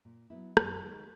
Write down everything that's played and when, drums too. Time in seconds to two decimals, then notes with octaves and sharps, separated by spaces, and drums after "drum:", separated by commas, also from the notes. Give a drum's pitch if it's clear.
0.05 A#2
0.30 F#3 B3 E4
0.57 F#2, drum: rim click
0.83 D#3 G#3